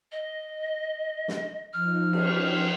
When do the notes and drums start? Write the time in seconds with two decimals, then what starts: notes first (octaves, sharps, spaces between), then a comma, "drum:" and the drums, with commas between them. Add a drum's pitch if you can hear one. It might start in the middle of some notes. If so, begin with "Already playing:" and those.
0.12 D#5
1.28 drum: snare
1.73 F3 D#4 F6
2.13 drum: cymbal